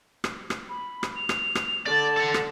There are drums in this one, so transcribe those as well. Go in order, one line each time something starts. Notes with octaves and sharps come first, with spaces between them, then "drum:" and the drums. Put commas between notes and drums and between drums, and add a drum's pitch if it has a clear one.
drum: rim click
drum: rim click
B5
drum: rim click
F7
drum: rim click
drum: rim click
D3 D5 A5 A6
A4 F#5
drum: rim click